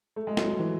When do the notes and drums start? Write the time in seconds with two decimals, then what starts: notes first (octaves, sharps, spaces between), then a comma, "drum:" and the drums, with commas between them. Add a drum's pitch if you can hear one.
0.16 A3
0.27 G#3
0.37 F#3, drum: snare
0.59 E3